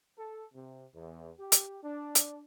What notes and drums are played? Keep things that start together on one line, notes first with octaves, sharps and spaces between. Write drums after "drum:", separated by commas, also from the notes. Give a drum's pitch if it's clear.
A4
C3
E2
G4
drum: hi-hat
D4
drum: hi-hat